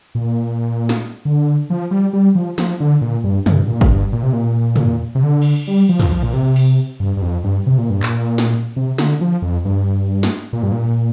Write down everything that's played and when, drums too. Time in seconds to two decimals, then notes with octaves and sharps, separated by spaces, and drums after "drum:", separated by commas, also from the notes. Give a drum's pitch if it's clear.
0.15 A#2
0.89 drum: snare
1.25 D3
1.70 F3
1.91 G3
2.13 G3
2.35 F3
2.58 F3, drum: snare
2.80 D3
3.01 A#2
3.24 G2
3.46 G2, drum: tom
3.68 A#2
3.81 drum: kick
3.90 G2
4.12 A#2
4.23 C3
4.33 A#2
4.76 drum: tom
5.15 C3
5.23 D3
5.42 drum: cymbal
5.56 drum: cymbal
5.67 G3
5.89 F3
5.99 drum: tom
6.11 F3
6.23 A#2
6.33 C3
6.56 drum: open hi-hat
7.00 G2
7.17 G2
7.22 F2
7.44 G2
7.67 C3
7.78 A#2
7.90 G2
8.03 A#2, drum: clap
8.38 drum: snare
8.76 C3
8.98 D3, drum: snare
9.21 F3
9.42 F2
9.65 G2
10.23 drum: snare
10.53 A#2
10.63 G2
10.72 A#2